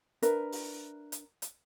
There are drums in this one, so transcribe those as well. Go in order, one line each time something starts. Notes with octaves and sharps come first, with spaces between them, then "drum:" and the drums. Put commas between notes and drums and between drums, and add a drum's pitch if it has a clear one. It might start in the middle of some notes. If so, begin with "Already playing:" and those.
D4 A#4 B4 E5, drum: hi-hat
drum: open hi-hat
drum: hi-hat
drum: hi-hat